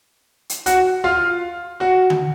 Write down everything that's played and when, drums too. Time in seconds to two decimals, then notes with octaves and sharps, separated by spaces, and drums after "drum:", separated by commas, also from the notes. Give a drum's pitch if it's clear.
0.49 drum: hi-hat
0.66 F#4 F#5, drum: hi-hat
1.04 F4 F5
1.80 F#4 F#5
2.10 drum: tom D3